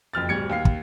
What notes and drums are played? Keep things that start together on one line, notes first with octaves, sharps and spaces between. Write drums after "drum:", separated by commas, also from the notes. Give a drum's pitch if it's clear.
F#1 F2 F6 A6
D1 G3 G#6 C#7
D#2 F5 C7
drum: kick